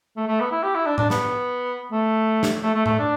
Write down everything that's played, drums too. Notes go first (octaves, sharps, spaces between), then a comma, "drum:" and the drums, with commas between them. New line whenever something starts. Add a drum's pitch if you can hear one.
A3
A3
B3
E4
G4
E4
D4
D4, drum: tom A2
B3, drum: snare
A3
drum: snare
A3
A3
A3, drum: tom A2
D4